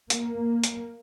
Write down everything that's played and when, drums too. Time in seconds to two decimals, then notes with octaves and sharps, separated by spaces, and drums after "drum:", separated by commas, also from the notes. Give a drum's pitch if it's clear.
0.10 A#3, drum: hi-hat
0.64 drum: hi-hat